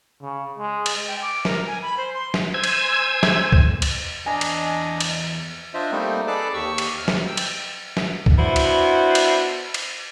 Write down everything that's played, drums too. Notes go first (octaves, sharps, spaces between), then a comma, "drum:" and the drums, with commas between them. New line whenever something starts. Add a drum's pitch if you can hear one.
C#3
G#3
drum: cymbal
G5
D6
A#4, drum: snare
G#5
B5
C5
C6
drum: snare
C5 G#5 E6 G#6
drum: cymbal
drum: snare
drum: kick
drum: cymbal
E2 D4 D#5 G#5 A#5
drum: cymbal
drum: cymbal
D4 F4 C5 D#5 E5
G3 A3 A#3 C4 D#4
G#4 A4 B4 D5 A5 D6
D#2 G4 C#6 E6
drum: cymbal
D#2 F6
drum: snare
G5 E6
drum: cymbal
drum: snare
drum: kick
B3 D4 E4 F#4 C5
drum: cymbal
drum: cymbal
drum: cymbal